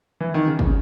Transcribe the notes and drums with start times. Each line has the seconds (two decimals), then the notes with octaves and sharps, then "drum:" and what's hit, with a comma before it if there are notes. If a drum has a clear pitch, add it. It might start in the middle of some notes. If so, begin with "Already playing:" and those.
0.20 E3
0.34 D#3
0.47 C#3
0.59 drum: kick